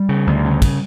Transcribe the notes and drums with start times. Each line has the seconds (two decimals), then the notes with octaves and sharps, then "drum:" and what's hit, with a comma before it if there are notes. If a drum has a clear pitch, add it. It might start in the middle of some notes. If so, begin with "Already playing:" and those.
Already playing: G3
0.09 C#3
0.27 D2
0.45 C#3
0.62 drum: kick, cymbal